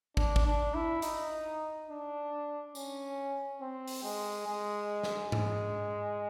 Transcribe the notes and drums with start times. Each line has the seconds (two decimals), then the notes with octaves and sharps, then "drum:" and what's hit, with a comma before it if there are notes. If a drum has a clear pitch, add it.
0.17 D4, drum: kick
0.36 drum: kick
0.45 D4
0.74 E4
1.02 D#4, drum: hi-hat
1.89 D4
2.75 C#4, drum: tambourine
3.61 C4
3.87 drum: open hi-hat
4.03 G#3
4.47 G#3
5.03 drum: snare
5.32 G#3, drum: tom G#2